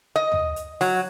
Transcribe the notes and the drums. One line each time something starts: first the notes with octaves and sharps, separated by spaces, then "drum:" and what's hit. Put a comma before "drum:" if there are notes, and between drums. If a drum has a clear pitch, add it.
D#5
drum: tom
drum: hi-hat
F#3, drum: open hi-hat